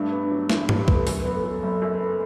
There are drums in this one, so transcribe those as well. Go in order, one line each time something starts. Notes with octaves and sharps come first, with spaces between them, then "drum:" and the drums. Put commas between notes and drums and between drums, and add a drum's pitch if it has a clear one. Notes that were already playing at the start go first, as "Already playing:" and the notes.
Already playing: G2 A3 D4
B3
F#3
A1 E4, drum: snare
G2, drum: tom G#2
G4
B3 A4, drum: kick
F#2, drum: open hi-hat
B3 B4
A4
F#3
A4
F#1
F#2
B3